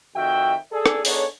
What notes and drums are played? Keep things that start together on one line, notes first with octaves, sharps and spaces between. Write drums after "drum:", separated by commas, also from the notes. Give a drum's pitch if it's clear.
F2 D#3 F#4 E5 G5
G#4 A4 D5
drum: rim click
B3 D4 D#4 G#4 A4 C#5, drum: open hi-hat